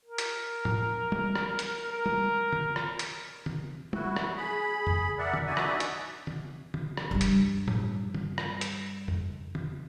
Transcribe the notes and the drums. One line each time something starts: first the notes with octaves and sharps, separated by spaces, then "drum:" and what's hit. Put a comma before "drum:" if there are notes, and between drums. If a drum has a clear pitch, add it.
A#4
drum: hi-hat
drum: tom A2
drum: tom G3
drum: rim click
drum: hi-hat
A#4
drum: tom G3
drum: tom D3
drum: rim click
drum: hi-hat
drum: tom D3
E4 F#4, drum: tom G3
drum: rim click
G#4 B5
drum: tom F2
A#4 D5 E5 F#5
drum: tom D3
D4 D#4 F#4 D5 E5 G#5
drum: rim click
drum: hi-hat
drum: tom D3
drum: tom D3
drum: rim click
G2 G3
drum: hi-hat
drum: tom A2
drum: tom D3
drum: rim click
drum: hi-hat
drum: tom F2
drum: tom D3